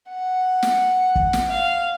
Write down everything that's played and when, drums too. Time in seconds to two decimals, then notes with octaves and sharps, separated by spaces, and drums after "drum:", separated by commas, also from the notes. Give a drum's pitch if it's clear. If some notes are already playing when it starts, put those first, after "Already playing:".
0.09 F#5
0.63 drum: snare
1.16 drum: kick
1.33 drum: snare
1.50 F5